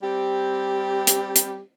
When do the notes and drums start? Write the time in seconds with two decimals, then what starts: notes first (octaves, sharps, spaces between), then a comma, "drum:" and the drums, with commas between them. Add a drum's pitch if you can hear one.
0.03 G3 C4 G4
1.07 drum: hi-hat
1.36 drum: hi-hat